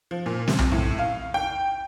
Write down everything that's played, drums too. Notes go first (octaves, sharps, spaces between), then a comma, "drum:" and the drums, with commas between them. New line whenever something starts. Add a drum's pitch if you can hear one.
F3
A#2
C3, drum: snare
drum: tom B1
A2
F5
G5